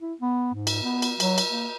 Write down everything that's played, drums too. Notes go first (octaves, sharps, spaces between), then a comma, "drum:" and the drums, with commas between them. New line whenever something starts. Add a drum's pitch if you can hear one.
E4
B3
G#2
drum: cymbal
B3
drum: cymbal
F#3, drum: cymbal
drum: cymbal
A#3